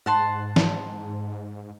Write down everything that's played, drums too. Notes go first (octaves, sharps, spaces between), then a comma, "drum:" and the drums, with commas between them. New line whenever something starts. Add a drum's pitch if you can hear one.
G#2 F#5 A5 C6
drum: snare